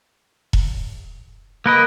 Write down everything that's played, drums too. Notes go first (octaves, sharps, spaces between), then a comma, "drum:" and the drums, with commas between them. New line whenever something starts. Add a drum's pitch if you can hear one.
drum: kick E1
A#3 A#4 B4 D#5